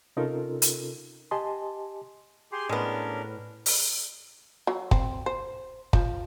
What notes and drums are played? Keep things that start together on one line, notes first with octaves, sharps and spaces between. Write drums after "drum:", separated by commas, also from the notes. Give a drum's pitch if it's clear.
C3 C#4 D#4 F4 A4 A#4
drum: hi-hat
G4 D#5 G#5 A5 C6
G4 G#4 C6
A2 G#3 B3 C#4 D4 A#4
drum: open hi-hat
F#3
C4, drum: kick
C5
F3, drum: kick